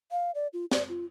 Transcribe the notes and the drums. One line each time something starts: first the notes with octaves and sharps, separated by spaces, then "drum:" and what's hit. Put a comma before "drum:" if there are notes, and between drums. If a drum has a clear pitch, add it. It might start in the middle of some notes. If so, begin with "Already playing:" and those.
F5
D5
F4
D5, drum: snare
F4